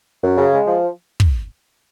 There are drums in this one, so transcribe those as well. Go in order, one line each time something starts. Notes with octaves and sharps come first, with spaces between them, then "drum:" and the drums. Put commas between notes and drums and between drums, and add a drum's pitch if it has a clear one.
F#2
C#3
G#3
F3
drum: kick